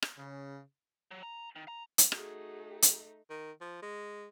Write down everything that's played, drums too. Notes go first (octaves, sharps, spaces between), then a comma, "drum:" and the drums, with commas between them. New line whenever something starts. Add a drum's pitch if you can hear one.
drum: rim click
C#3
F#3
A#5
D#3
A#5
drum: hi-hat
A3 D#4 F#4 G#4, drum: rim click
drum: hi-hat
D#3
F3
G#3